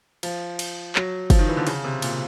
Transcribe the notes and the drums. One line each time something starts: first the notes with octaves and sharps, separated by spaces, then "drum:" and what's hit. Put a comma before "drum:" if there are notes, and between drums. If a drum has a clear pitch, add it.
F3, drum: cymbal
drum: cymbal
F#3, drum: clap
F3, drum: kick, cymbal
D#3
E3
D3
C#3, drum: cymbal
C3
A#2, drum: cymbal